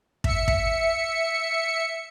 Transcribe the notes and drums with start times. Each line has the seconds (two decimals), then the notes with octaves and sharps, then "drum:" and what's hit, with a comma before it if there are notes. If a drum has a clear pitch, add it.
0.24 E5 C#7, drum: kick
0.48 drum: kick